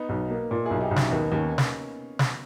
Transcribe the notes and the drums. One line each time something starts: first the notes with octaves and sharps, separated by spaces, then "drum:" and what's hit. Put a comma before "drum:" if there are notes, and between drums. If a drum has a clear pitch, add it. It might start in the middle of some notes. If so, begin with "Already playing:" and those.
Already playing: B3 D#4
B1
A#3
A#2
B1 E4 G#4
D#4 G4
B1
C#4 E4, drum: snare
D#2 B3 D#4
D#2 A#3 C#4
drum: snare
drum: snare